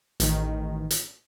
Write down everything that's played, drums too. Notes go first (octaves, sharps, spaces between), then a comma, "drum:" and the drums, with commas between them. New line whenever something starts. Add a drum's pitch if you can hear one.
A1 D#3, drum: hi-hat
drum: hi-hat